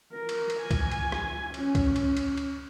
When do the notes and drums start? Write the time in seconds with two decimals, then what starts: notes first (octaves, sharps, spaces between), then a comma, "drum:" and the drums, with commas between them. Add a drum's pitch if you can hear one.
0.13 A#4
0.29 drum: cymbal
0.50 drum: cymbal
0.60 G#5
0.71 drum: kick C#2, cymbal
0.91 drum: cymbal
1.12 drum: rim click
1.54 C#4, drum: cymbal
1.75 drum: kick C#2, cymbal
1.96 drum: cymbal
2.17 drum: cymbal
2.37 drum: cymbal